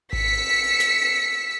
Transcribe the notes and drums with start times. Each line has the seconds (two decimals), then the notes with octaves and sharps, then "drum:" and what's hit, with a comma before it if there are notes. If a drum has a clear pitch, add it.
0.13 E6 B6 C#7, drum: kick G#1
0.80 drum: snare